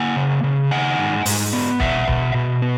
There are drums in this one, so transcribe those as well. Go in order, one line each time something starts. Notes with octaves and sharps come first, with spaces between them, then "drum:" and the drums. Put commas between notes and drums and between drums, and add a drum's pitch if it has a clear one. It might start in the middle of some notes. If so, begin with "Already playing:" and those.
Already playing: A#3 F#5 G#5
C#3
C#3
D#3 F#5 G#5
G#2
G#2, drum: open hi-hat
B3
B2 E5 F#5, drum: kick
B2, drum: kick
B2
B3